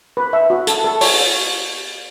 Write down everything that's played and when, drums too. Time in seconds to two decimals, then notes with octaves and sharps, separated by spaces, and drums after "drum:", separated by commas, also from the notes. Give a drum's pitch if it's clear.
0.17 B4
0.33 E5
0.50 F#4
0.67 A4, drum: hi-hat
0.84 A4
1.01 C#5, drum: open hi-hat